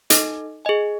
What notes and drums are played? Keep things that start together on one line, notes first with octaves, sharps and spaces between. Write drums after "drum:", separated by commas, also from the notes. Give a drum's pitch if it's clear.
D#4 A4 D#5, drum: hi-hat
G#4 D#5 G#5